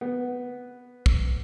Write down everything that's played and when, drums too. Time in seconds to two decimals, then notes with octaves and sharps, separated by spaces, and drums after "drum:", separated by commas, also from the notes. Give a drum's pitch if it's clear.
0.01 B3
1.06 drum: kick